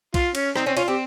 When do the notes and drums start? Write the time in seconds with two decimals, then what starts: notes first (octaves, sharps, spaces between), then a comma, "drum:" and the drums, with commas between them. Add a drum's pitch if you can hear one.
0.14 F4, drum: kick, cymbal
0.35 C#4, drum: cymbal
0.56 C4 D#4, drum: rim click
0.66 C4 C#4
0.77 C#4 F4, drum: cymbal
0.88 C4 G4